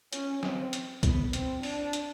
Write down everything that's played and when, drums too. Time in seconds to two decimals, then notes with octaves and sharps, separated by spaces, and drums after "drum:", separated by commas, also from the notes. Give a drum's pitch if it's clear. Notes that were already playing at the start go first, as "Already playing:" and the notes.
0.13 C#4, drum: hi-hat
0.43 C4, drum: snare
0.73 drum: hi-hat
1.03 B3, drum: kick, hi-hat
1.33 C4, drum: hi-hat
1.63 D4, drum: open hi-hat
1.93 drum: hi-hat